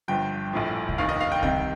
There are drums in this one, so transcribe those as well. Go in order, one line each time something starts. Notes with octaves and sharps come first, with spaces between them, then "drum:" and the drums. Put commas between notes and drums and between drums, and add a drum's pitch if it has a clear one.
G1 G2 F3 G5
A#1 A2 F3
drum: kick C2
F1 D#2 D#3 F5
D#5
F5
G5
C2 C3 D#3 G5, drum: kick C2